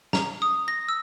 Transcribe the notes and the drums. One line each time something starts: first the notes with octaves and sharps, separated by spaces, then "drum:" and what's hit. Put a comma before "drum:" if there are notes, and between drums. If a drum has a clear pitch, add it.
A#5, drum: snare
D#6
A#6
E6